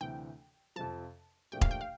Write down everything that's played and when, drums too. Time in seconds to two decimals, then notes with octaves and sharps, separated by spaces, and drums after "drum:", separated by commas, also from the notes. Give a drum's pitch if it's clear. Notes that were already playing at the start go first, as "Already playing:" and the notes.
0.01 D2 C3 E3 G5
0.76 F2 C3 F3 A5
1.52 A#2 F3 A3 D4 G4 G5
1.61 F5, drum: kick E1
1.71 G5
1.81 F5